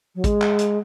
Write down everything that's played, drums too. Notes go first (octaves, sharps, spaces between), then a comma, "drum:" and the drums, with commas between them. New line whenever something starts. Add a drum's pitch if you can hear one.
F#3
G#3, drum: kick A1, hi-hat
drum: clap
drum: hi-hat